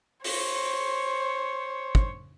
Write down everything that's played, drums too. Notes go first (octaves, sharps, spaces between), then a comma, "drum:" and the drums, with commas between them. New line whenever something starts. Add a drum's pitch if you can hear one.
C5 C#5, drum: open hi-hat
drum: kick